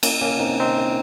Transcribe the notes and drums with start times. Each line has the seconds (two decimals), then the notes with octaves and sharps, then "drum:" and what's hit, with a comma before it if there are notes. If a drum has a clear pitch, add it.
0.03 A#3 C#4, drum: cymbal
0.21 A#3 C#4
0.40 C4 D#4
0.60 C4 D#4